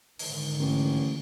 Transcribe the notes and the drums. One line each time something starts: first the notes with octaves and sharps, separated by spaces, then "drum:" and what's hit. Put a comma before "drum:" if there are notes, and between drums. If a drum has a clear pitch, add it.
G#2 D3 D#3, drum: open hi-hat
A1